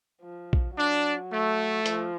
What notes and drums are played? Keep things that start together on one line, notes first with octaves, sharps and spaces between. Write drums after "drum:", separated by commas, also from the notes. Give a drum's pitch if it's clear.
F3
drum: kick A#1
F#3 D4
A3
F3, drum: hi-hat